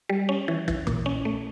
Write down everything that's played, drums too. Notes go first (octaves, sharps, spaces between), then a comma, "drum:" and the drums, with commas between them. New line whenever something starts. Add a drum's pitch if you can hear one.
G3
C#4
E3
E3, drum: kick
A#2, drum: kick
C#4
A3